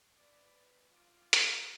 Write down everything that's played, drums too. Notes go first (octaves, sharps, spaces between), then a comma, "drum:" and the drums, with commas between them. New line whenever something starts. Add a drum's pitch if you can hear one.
B4 D5
F4 D6
C6, drum: hi-hat